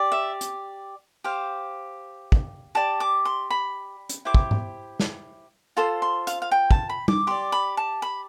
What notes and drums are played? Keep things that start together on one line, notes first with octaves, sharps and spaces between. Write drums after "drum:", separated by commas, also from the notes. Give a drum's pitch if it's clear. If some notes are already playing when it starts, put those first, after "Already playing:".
Already playing: G4 D5
E5
drum: hi-hat
G4 C5 F5
drum: kick
G4 D5 A5
D6
C6
B5
drum: hi-hat
E4 G4 C5 D6
drum: kick
drum: tom G#2
drum: snare
F4 A4 C5 C6
C6
F5, drum: hi-hat
F5
G5
A5, drum: kick
B5
D6, drum: tom
G4 D5 C6
B5
A5
B5